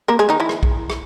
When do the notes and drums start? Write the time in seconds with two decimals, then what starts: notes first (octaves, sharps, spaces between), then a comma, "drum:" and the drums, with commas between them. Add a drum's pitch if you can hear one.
0.08 A#3 A#4
0.19 G#3 G#4
0.29 D#3 D#4
0.40 E3 E4
0.49 drum: rim click
0.63 drum: kick
0.90 drum: rim click